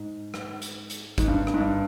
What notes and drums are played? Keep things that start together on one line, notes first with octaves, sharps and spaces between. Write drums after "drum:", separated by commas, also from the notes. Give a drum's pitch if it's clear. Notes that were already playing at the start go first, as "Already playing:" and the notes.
Already playing: G#2
drum: rim click
drum: hi-hat
drum: hi-hat
G#2, drum: kick G1, hi-hat
G2
G2, drum: rim click
G#2
G2